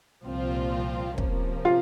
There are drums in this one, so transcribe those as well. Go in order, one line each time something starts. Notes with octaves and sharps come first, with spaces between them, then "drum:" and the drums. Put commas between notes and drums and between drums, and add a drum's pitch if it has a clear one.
C2 A#2 F3 C4 F4
C3 F3 A#3 C#4, drum: kick
F4